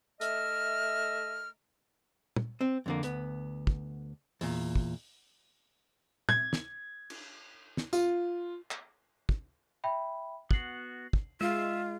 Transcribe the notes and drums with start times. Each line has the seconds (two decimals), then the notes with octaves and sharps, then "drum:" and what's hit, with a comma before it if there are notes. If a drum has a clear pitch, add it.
0.21 A3 D#5 E5 F6, drum: hi-hat
2.36 drum: tom
2.61 C4
2.86 F2 D3 A#3
3.03 D2 B3, drum: hi-hat
3.67 drum: kick
4.41 E2 A#2, drum: open hi-hat
4.76 drum: kick
6.29 G#6, drum: tom
6.53 drum: snare
7.10 drum: cymbal
7.77 drum: snare
7.93 F4, drum: tambourine
8.71 drum: clap
9.29 drum: kick
9.84 E5 G5 B5
10.51 B3 F#4 C7 F#7, drum: kick
11.13 drum: kick
11.41 G#3 F4 E5